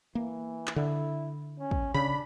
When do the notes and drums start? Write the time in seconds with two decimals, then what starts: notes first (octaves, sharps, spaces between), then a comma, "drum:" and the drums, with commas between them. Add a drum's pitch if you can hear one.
0.15 E3 A#3
0.67 drum: clap
0.76 D3 E4
1.60 C#4
1.71 drum: kick
1.94 C#3 D4 B5